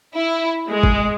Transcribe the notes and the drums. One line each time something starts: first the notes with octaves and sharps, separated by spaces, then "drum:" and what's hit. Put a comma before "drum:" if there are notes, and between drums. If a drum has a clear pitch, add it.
E4
G#3
drum: kick G#1